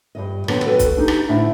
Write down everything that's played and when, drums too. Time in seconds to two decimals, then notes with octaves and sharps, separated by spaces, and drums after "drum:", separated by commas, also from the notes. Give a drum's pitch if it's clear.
0.15 G2 C#3 D#5
0.48 D3 D#3 F#3 B3 C5 G5, drum: rim click
0.65 F#4 A4 B4 G5
0.79 drum: kick, hi-hat
0.97 D4 D#4 G4
1.08 drum: rim click
1.28 D2 A2 D4 E4 E5